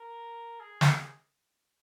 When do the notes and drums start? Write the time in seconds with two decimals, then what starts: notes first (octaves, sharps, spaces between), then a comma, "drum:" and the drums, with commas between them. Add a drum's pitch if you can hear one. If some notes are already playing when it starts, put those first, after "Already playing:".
Already playing: A#4
0.60 G#4
0.81 drum: snare